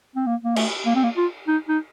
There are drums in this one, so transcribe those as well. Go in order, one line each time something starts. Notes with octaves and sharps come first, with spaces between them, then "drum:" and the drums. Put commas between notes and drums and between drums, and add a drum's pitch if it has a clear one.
C4
A#3
A#3
A3, drum: cymbal
A#3
C4
A#3
F4
D#4
D#4